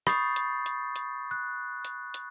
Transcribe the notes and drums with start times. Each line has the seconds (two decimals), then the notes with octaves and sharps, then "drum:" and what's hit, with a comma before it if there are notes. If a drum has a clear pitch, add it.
0.07 B5 C#6 D#6 G6 A6 C7, drum: rim click
0.36 drum: hi-hat
0.66 drum: hi-hat
0.96 drum: hi-hat
1.31 F#6
1.85 drum: hi-hat
2.14 drum: hi-hat